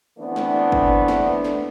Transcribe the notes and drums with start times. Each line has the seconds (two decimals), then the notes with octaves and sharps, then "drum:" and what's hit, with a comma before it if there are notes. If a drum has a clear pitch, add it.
0.18 D3 E3 A3 B3 C4 D4
0.36 drum: snare
0.72 drum: kick G1
1.08 drum: snare
1.44 drum: snare